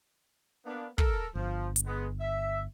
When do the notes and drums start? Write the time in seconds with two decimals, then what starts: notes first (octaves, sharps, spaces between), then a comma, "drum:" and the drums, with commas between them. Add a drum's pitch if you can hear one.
0.66 A#3 B3 D4
0.98 A4 A#4, drum: kick
1.35 G1 F3
1.76 drum: hi-hat
1.86 G#3 B3
2.20 E5